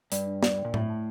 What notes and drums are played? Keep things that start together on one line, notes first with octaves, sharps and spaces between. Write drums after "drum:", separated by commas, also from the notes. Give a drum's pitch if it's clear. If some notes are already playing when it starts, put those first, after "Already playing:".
G2 D5, drum: hi-hat
D4
D5, drum: snare
G5
A#2
A2 E5, drum: tom A2
A5